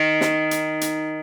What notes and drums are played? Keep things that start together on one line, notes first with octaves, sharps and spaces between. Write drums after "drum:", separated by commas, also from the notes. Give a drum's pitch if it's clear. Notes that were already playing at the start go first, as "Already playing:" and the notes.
Already playing: D#3
drum: snare
drum: hi-hat
drum: hi-hat